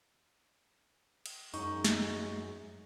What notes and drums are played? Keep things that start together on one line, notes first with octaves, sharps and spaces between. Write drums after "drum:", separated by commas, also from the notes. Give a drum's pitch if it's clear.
drum: cymbal
F#2 G#3 D#4 C#6, drum: open hi-hat
drum: snare